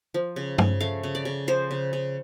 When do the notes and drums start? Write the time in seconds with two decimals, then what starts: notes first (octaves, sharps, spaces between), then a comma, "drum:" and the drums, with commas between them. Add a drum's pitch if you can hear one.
0.14 F3
0.36 C#3
0.58 C#3, drum: tom G2
0.81 A3 F5
1.03 C#3
1.15 D5
1.25 C#3
1.48 F3 C5
1.71 C#3
1.93 C#3